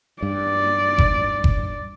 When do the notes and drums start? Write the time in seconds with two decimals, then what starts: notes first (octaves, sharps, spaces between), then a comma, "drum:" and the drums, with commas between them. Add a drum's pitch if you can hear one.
0.22 G2 D5
0.98 drum: kick F#1
1.44 drum: kick F#1